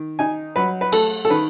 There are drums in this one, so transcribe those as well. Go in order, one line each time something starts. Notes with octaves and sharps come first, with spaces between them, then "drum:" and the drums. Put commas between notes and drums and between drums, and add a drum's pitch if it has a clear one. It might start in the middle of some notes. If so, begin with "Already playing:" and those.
Already playing: D#3
D#4 G#5
F#3 B4
B4
A3 A4, drum: cymbal
A4
D#3 B4